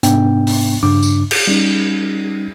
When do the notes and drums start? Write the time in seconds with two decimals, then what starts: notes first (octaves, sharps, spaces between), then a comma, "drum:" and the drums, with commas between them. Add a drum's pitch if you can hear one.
0.03 G#2 C3 B3 D4 G5, drum: hi-hat
0.47 drum: open hi-hat
0.83 G2 C#3 D4 D6
1.03 drum: tambourine
1.31 drum: cymbal
1.47 G3 C#4 D#4